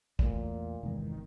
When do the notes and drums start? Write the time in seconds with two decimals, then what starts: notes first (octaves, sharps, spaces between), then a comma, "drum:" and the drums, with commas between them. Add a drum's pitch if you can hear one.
0.19 E2 A#2 A3, drum: kick
0.83 G1 E2 C3 D#3 G#3